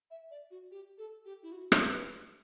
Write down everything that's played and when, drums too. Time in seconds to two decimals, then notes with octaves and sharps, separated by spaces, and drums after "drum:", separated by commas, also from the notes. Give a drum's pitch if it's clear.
0.11 E5
0.31 D5
0.51 F#4
0.71 G4
0.98 A4
1.25 G4
1.43 E4
1.52 F#4
1.72 drum: rim click
1.92 B4